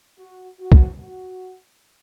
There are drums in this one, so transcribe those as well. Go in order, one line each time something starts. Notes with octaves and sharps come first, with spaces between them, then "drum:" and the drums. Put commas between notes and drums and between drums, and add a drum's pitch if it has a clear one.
F#4
F#4
drum: kick
F#4